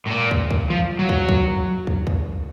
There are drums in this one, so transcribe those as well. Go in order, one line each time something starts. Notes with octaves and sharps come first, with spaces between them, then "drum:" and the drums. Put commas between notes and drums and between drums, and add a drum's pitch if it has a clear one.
A2
A#2
drum: kick
drum: kick
F3
F#3
drum: kick
drum: kick
drum: kick
drum: kick